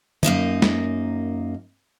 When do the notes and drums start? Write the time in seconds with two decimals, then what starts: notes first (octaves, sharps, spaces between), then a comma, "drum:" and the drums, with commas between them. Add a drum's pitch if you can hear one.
0.23 F#2 A#3 D#4 D#5, drum: tom
0.62 drum: snare